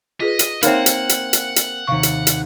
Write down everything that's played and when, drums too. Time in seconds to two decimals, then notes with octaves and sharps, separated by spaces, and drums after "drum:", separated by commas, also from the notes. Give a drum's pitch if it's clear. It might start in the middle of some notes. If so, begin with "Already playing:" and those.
0.21 F4 G#4 B4 D#5 B6
0.39 drum: hi-hat
0.63 A#3 C4 D#4 C#5 E5 F#5, drum: hi-hat
0.86 drum: hi-hat
1.09 drum: hi-hat
1.33 drum: hi-hat
1.56 drum: hi-hat
1.87 D#2 C3 F5 C#6
2.03 drum: hi-hat
2.27 drum: hi-hat